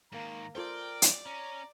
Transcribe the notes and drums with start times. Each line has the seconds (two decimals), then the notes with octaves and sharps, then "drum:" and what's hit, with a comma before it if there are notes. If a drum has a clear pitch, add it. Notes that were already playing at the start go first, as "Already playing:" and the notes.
0.12 G#2 D#3 A#3 A#5
0.55 F4 A4 A#4 C5 D5 G5
1.02 drum: hi-hat
1.26 C#4 A#5